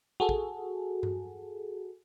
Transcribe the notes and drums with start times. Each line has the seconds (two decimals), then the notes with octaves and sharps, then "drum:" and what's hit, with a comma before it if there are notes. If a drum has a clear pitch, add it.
0.20 F#4 G#4 A4
0.29 drum: kick
1.03 drum: tom G2